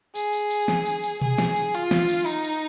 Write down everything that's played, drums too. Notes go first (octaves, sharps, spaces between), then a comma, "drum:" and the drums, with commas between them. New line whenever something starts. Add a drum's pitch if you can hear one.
G#4, drum: tambourine
drum: tambourine
drum: tambourine
drum: snare
drum: tambourine
drum: tambourine
G#4, drum: tom B2
drum: snare
drum: tambourine
F4, drum: tambourine
drum: snare
drum: tambourine
D#4, drum: tambourine
drum: tambourine